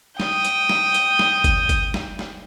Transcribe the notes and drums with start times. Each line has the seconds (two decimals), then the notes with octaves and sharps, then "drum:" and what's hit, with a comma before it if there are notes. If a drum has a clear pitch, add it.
0.20 G5 D#6, drum: snare
0.45 drum: hi-hat
0.69 drum: snare
0.94 drum: hi-hat
1.19 drum: snare
1.44 drum: kick F#1, hi-hat
1.69 drum: kick F#1, hi-hat
1.94 drum: snare
2.19 drum: snare